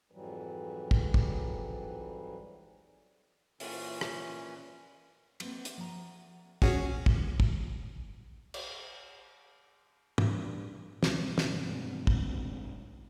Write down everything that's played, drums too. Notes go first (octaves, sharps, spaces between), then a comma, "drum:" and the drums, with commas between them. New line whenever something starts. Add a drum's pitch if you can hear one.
F2 G#2 E3 F#3 G3
drum: kick
drum: kick
A#2 E3 C#4, drum: open hi-hat
drum: rim click
A#3 C4 B4, drum: cymbal
drum: hi-hat
F3 A#5
C#4 F#4 G#4, drum: kick
drum: kick
drum: kick
drum: cymbal
G2, drum: tom
G#1 C#2 B2 G3, drum: snare
G2 B2, drum: snare
drum: kick